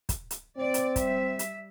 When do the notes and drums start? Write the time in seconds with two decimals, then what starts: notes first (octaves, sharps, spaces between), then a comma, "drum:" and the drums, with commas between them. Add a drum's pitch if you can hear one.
0.09 drum: kick, hi-hat
0.31 drum: hi-hat
0.58 C4 D5
0.74 drum: hi-hat
0.96 G3 E5, drum: kick, hi-hat
1.39 drum: hi-hat